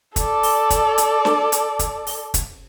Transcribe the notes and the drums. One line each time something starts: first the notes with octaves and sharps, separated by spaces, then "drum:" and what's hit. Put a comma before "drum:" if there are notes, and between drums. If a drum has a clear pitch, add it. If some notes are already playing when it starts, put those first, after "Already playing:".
A4 D5, drum: kick, hi-hat
drum: open hi-hat
drum: kick, hi-hat
drum: hi-hat
drum: snare
drum: hi-hat
drum: kick, hi-hat
drum: open hi-hat
drum: kick, hi-hat